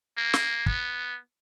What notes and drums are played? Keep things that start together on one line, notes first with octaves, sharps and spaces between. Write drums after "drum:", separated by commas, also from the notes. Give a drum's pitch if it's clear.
A#3
drum: snare
B3, drum: kick